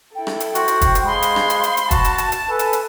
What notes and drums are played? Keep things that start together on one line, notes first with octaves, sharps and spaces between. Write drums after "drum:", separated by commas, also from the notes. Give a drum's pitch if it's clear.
E4 A4 G5
drum: rim click
drum: hi-hat
F#4 C5, drum: hi-hat
drum: hi-hat
drum: kick, hi-hat
drum: hi-hat
G#3 F5 B5 C6
drum: hi-hat
drum: rim click
drum: hi-hat
drum: hi-hat
drum: hi-hat
F#4 A5, drum: kick, hi-hat
drum: hi-hat
drum: hi-hat
drum: hi-hat
A4 B4 G#5
drum: hi-hat
drum: hi-hat